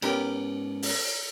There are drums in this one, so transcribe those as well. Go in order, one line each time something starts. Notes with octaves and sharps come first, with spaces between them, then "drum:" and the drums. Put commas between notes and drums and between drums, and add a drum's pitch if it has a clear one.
G#2 B3 C#4 G4 A#4 B5, drum: cymbal
drum: open hi-hat